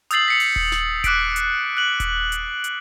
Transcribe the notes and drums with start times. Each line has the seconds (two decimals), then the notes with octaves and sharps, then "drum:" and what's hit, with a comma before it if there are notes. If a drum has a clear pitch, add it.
0.11 D#6 E6 G6 A6 C7 F#7, drum: hi-hat
0.28 B6 C#7 F#7
0.40 drum: open hi-hat
0.56 drum: kick D#1
0.72 drum: snare
1.04 D6 F#6 B6 D7, drum: kick D#1, hi-hat
1.36 drum: hi-hat
1.77 F#6 F#7
2.00 drum: kick D#1, hi-hat
2.32 drum: hi-hat
2.64 drum: hi-hat